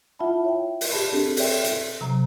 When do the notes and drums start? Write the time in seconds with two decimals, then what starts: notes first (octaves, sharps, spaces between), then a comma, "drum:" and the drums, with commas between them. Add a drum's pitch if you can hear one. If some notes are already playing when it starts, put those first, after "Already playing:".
0.19 E4 F4 E5 F#5 A5 B5
0.45 C#5 E5 G5
0.81 drum: open hi-hat
0.92 G4 G#4 D5 A5 B5
1.12 C4 D4 G4 A4
1.37 A4 C#5 D5 E5 G5, drum: open hi-hat
1.64 drum: hi-hat
2.01 C3 F#3 A#5